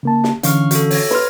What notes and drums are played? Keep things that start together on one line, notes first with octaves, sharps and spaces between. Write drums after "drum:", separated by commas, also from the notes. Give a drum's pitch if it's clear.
C#3 A#3 A5
drum: snare
D3 E3 C#4 F5 C#6 F6, drum: hi-hat
F#4 A4, drum: hi-hat
C#5 G#6 A#6, drum: open hi-hat
B4 C6 F6, drum: snare